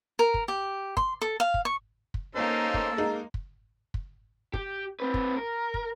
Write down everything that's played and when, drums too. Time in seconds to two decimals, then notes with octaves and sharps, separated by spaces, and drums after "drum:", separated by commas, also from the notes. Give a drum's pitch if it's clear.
0.19 A#4
0.34 drum: kick
0.48 G4
0.97 C6, drum: kick
1.22 A4
1.40 F5
1.54 drum: kick
1.65 C#6
2.14 drum: kick
2.35 A#3 C#4 D#4 A4 C5
2.74 drum: kick
2.97 G#3 D#4
3.34 drum: kick
3.94 drum: kick
4.54 G4, drum: kick
5.00 C4 B4
5.14 drum: kick
5.37 A#4
5.74 drum: kick